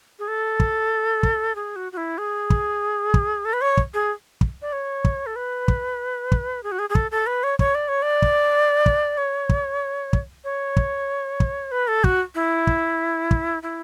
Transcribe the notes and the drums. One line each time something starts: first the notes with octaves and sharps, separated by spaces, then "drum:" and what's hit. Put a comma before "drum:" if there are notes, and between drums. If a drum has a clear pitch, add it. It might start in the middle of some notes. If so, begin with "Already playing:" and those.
G#4
A4
drum: kick
drum: kick
G#4
F#4
F#4
E4
G#4
drum: kick
drum: kick
A4
B4
C#5
drum: kick
G#4
drum: kick
D5
C#5
drum: kick
A4
B4
drum: kick
drum: kick
G#4
F#4
G#4
G#4
A4, drum: kick
A4
B4
C#5
C#5, drum: kick
D5
C#5
D5
drum: kick
drum: kick
C#5
drum: kick
drum: kick
C#5
drum: kick
drum: kick
B4
A4
F#4, drum: kick
E4
drum: kick
drum: kick
E4